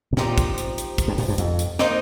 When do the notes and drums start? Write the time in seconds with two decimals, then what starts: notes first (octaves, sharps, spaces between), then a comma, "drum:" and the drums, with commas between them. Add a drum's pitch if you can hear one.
0.13 C3
0.17 A#2 F3 C4 D#4 G4, drum: snare
0.38 drum: kick, hi-hat
0.58 drum: hi-hat
0.78 drum: hi-hat
0.98 drum: kick, hi-hat
1.08 G2
1.18 A#2, drum: open hi-hat
1.29 G2
1.38 F2, drum: hi-hat
1.59 drum: hi-hat
1.79 A#3 D#4 C5 D#5, drum: snare